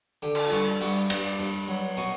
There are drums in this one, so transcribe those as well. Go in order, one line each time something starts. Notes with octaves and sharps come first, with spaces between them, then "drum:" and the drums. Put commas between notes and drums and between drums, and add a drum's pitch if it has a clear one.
D3 G4
drum: cymbal
F4
G2 F#4
G2 F#4, drum: open hi-hat
G2 G4, drum: cymbal
G2
F#3
B2 F#4